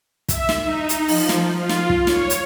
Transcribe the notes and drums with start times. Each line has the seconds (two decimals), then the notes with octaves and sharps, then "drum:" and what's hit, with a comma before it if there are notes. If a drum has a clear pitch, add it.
0.29 E5, drum: kick, hi-hat
0.49 drum: snare
0.64 D#4
0.89 drum: hi-hat
1.08 F3, drum: open hi-hat
1.29 drum: snare
1.58 F4
1.69 drum: snare
1.89 drum: kick
2.07 C#5, drum: snare
2.30 drum: hi-hat